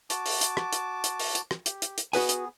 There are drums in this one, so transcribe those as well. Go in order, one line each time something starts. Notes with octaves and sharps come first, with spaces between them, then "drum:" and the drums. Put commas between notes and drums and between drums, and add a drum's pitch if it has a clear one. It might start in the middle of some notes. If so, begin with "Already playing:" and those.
F#4 A5 D6, drum: hi-hat
drum: open hi-hat
drum: hi-hat
drum: rim click
drum: hi-hat
drum: hi-hat
drum: open hi-hat
drum: hi-hat
drum: rim click
G4, drum: hi-hat
drum: hi-hat
drum: hi-hat
B3 F#4 G#4 B4 G#5, drum: open hi-hat
drum: hi-hat